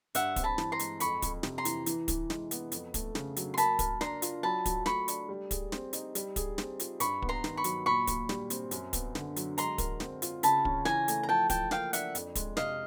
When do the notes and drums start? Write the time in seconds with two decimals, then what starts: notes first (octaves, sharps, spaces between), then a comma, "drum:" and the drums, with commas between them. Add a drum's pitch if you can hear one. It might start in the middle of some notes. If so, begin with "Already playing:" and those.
0.15 G2 E5 F#5, drum: hi-hat
0.36 C4, drum: kick, hi-hat
0.44 A5 B5
0.58 E3, drum: snare
0.72 A#5 C6
0.79 G#3, drum: hi-hat
1.00 F2 B5 C#6, drum: hi-hat
1.22 F2, drum: kick, hi-hat
1.43 C3, drum: snare
1.58 A#5 C6
1.65 E3, drum: hi-hat
1.86 E3, drum: hi-hat
2.08 E3, drum: kick, hi-hat
2.30 G#3, drum: snare
2.51 B3, drum: hi-hat
2.72 F2, drum: hi-hat
2.94 A3, drum: kick, hi-hat
3.15 C#3, drum: snare
3.36 F#3, drum: hi-hat
3.54 C6
3.57 A#3 A5 B5, drum: hi-hat
3.79 A#4, drum: kick, hi-hat
4.01 D4 A#5 C6, drum: snare
4.22 F4, drum: hi-hat
4.43 F#3 A5 B5
4.65 F#3, drum: kick, hi-hat
4.86 A3 B5 C#6, drum: snare
5.08 D4, drum: hi-hat
5.29 G3
5.51 G#4, drum: kick, hi-hat
5.72 C4, drum: snare
5.93 D#4, drum: hi-hat
6.15 G3, drum: hi-hat
6.36 G#4, drum: kick, hi-hat
6.58 C4, drum: snare
6.80 F4, drum: hi-hat
7.00 G2 B5 C#6, drum: hi-hat
7.22 B3, drum: kick
7.29 A#5 C6
7.44 D#3, drum: snare
7.57 B5 C#6
7.64 F#3, drum: hi-hat
7.86 A#2 B5 C#6
8.07 A#2, drum: kick, hi-hat
8.29 G3, drum: snare
8.50 C4, drum: hi-hat
8.71 F#2, drum: hi-hat
8.93 B3, drum: kick, hi-hat
9.15 D3, drum: snare
9.36 F#3, drum: hi-hat
9.58 G#3 A#5 C6, drum: hi-hat
9.78 A#4, drum: kick, hi-hat
10.00 C4, drum: snare
10.22 F4, drum: hi-hat
10.43 C#3 A5 B5, drum: hi-hat
10.65 C#4, drum: kick
10.85 E3 G#5 A#5, drum: snare
11.08 A3, drum: hi-hat
11.23 A#5
11.29 F3 G5 A5
11.50 F3 G5 A5, drum: kick, hi-hat
11.71 A#3 F5 G5, drum: snare
11.93 D4 E5 F#5, drum: hi-hat
12.15 F2, drum: hi-hat
12.35 G#3, drum: kick, hi-hat
12.57 C3 D#5 F5, drum: snare